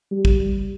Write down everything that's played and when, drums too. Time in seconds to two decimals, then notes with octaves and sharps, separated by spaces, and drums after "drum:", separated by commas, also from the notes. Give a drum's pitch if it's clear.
0.11 G3
0.25 drum: kick